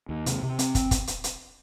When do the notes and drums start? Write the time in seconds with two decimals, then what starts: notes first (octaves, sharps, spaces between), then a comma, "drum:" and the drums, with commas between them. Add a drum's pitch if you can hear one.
0.09 D#2
0.26 C3, drum: hi-hat
0.43 C3
0.59 C4, drum: hi-hat
0.75 drum: kick, hi-hat
0.91 drum: kick, hi-hat
1.07 drum: hi-hat
1.24 drum: hi-hat